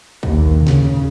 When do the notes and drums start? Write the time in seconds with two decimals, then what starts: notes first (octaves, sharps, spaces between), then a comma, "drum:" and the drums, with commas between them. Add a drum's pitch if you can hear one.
0.23 D#2, drum: kick
0.67 C#3, drum: snare